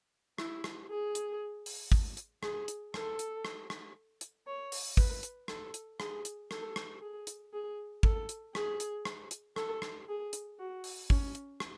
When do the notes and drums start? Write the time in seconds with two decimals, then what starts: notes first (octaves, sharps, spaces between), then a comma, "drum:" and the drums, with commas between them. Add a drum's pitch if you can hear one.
0.38 E4, drum: rim click
0.64 drum: rim click
0.90 G#4
1.15 drum: hi-hat
1.66 drum: open hi-hat
1.92 drum: kick
2.17 drum: hi-hat
2.43 G#4, drum: rim click
2.68 drum: hi-hat
2.94 A4, drum: rim click
3.19 drum: hi-hat
3.45 drum: rim click
3.70 drum: rim click
4.21 drum: hi-hat
4.47 C#5
4.72 drum: open hi-hat
4.97 B4, drum: kick
5.23 drum: hi-hat
5.48 A4, drum: rim click
5.74 drum: hi-hat
6.00 G#4, drum: rim click
6.25 drum: hi-hat
6.51 A4, drum: rim click
6.76 drum: rim click
7.02 G#4
7.27 drum: hi-hat
7.53 G#4
8.03 A4, drum: kick
8.29 drum: hi-hat
8.55 G#4, drum: rim click
8.80 drum: hi-hat
9.05 drum: rim click
9.31 drum: hi-hat
9.56 A4, drum: rim click
9.82 drum: rim click
10.08 G#4
10.33 drum: hi-hat
10.59 F#4
10.84 drum: open hi-hat
11.10 C#4, drum: kick
11.35 drum: hi-hat
11.60 drum: rim click